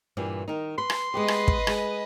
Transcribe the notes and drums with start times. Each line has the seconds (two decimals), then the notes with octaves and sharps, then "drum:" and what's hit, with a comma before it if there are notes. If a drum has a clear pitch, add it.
0.17 G2 A#2 E3
0.48 D#3 D#4
0.78 B4 C6
0.90 drum: rim click
1.14 G#3 B3 G4 B4 D#5
1.28 drum: rim click
1.48 drum: kick
1.67 G#3, drum: rim click